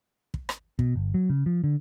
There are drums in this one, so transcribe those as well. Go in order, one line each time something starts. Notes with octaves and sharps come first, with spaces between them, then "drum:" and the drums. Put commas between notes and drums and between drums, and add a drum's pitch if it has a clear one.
drum: kick
drum: rim click
B2, drum: kick
G1
F#3
C#3
F3
D3